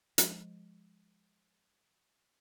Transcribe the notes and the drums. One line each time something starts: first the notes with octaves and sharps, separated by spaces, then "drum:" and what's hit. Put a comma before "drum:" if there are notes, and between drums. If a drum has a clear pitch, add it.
F3 G#3, drum: hi-hat